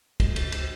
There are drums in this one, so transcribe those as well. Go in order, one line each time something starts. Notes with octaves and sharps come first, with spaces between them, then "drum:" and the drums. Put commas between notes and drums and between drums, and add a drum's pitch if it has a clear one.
C#2, drum: kick, cymbal
drum: cymbal
drum: cymbal